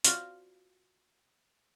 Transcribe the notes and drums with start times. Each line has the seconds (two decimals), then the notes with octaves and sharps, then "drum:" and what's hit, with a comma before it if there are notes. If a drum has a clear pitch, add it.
0.04 F4 F#4 C5 D5 F5, drum: hi-hat